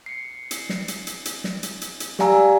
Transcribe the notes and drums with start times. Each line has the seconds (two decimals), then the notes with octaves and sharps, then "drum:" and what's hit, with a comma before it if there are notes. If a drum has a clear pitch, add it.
0.06 C7 C#7
0.51 drum: hi-hat
0.69 drum: snare
0.88 drum: hi-hat
1.07 drum: hi-hat
1.25 drum: hi-hat
1.44 drum: snare
1.63 drum: hi-hat
1.81 drum: hi-hat
2.00 drum: hi-hat
2.19 G4 D5 F5 G#5 A#5 E6, drum: snare